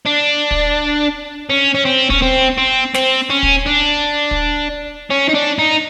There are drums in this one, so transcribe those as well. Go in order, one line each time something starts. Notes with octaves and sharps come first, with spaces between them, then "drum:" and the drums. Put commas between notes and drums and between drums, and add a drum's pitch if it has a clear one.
D4
drum: kick
C#4
C#4
C4
C#4, drum: kick
C4
C4
C4, drum: snare
C#4
drum: kick
D4
drum: kick
C#4
D#4
D4
D#4